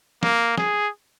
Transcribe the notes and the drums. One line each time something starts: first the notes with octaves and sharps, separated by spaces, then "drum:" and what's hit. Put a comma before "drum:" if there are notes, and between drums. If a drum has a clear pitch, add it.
A#3, drum: snare
G#4, drum: snare